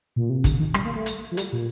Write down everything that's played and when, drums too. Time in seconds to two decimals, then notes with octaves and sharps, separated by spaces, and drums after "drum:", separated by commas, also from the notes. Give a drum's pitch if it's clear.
0.16 A#2
0.30 C3
0.44 D3, drum: kick, hi-hat
0.59 D#3
0.74 G3, drum: rim click
0.85 A#3
0.96 A3
1.06 drum: hi-hat
1.31 F3
1.37 G3, drum: hi-hat
1.53 A#2